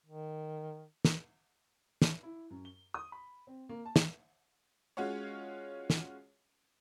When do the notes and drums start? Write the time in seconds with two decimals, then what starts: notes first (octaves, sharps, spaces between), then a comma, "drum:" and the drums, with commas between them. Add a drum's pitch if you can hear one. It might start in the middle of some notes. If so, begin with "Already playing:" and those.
0.06 D#3
1.05 drum: snare
2.02 drum: snare
2.23 E4
2.50 F#2
2.65 G7
2.94 D#6
3.12 B5
3.47 C4
3.69 A#3
3.85 A5
3.96 drum: snare
4.97 G#3 C#4 F4 F#4 C#5
5.90 drum: snare